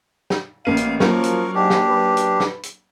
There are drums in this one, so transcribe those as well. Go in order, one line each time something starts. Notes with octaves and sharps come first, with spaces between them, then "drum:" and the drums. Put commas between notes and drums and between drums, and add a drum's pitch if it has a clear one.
drum: snare
A1 A#3 F5 D#7
drum: hi-hat
F3 F#3 A#3 C#4 A#4 C#6, drum: snare
drum: hi-hat
G#2 D4 G4
drum: snare
B4
drum: hi-hat
drum: snare
drum: hi-hat